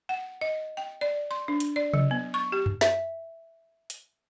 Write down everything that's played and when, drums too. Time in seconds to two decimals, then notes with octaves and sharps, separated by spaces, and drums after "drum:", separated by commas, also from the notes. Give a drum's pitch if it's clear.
0.09 F#5
0.41 D#5
0.77 G5
1.01 D5
1.31 C6
1.48 D4
1.60 drum: hi-hat
1.76 D5
1.94 F#3, drum: tom C3
2.11 B3
2.34 C#6
2.52 G4
2.66 drum: tom F#2
2.81 E5, drum: snare
3.90 drum: hi-hat